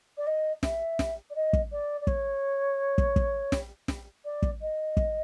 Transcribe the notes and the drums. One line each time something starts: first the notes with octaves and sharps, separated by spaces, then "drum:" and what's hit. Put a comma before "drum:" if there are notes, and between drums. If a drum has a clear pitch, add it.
D5
D#5
E5, drum: snare
drum: snare
D5
D#5
drum: kick
D5
D5
C#5, drum: kick
drum: kick
drum: kick
drum: snare
drum: snare
D5
drum: kick
D#5
drum: kick